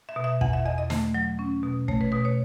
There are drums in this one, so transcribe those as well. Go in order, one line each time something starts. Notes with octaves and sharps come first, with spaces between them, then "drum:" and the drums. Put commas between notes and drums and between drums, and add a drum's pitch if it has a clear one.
E5
B2
E5
E2 F#5, drum: kick
E5
E2 D#5
D#5
A3, drum: snare
F#3
C#4
B2
A3 C#5, drum: kick
B4
B2 B4
C#5